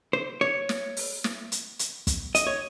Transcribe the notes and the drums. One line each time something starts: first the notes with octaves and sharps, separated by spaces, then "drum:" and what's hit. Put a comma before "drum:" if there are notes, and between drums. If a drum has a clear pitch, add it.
C5
C#5
drum: snare
drum: open hi-hat
drum: snare
drum: hi-hat
drum: hi-hat
drum: kick, hi-hat
D#5, drum: hi-hat
C#5